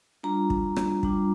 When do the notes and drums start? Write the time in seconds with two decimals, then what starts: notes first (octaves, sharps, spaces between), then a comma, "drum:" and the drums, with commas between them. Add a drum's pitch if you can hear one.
0.23 G3 D4 F4 A#5
0.50 drum: kick
0.76 drum: rim click
1.03 G3 D4 F4, drum: kick